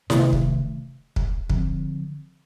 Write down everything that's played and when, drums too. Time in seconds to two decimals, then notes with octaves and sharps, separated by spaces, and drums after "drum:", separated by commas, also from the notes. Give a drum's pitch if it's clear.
0.10 C3 D#3 A3, drum: snare E4
0.33 drum: kick
1.16 drum: kick
1.50 D3 F3 C4, drum: kick